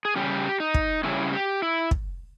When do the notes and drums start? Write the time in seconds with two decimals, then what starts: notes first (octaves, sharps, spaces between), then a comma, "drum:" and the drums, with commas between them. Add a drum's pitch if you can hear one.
0.05 G#4
0.16 C#3 G3 C#4 G4
0.60 D#4
0.74 drum: kick
1.03 C#3 G3 C#4 E4
1.33 G4
1.62 E4
1.91 drum: kick